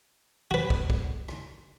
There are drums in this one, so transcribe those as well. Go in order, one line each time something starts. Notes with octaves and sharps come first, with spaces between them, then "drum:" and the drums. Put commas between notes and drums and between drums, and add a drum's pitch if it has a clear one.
F#4 B4
drum: kick
drum: kick
drum: rim click